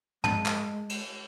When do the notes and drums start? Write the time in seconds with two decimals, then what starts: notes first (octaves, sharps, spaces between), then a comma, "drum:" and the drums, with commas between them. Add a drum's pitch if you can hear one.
0.24 G#3 A5, drum: tom
0.46 drum: clap
0.89 drum: cymbal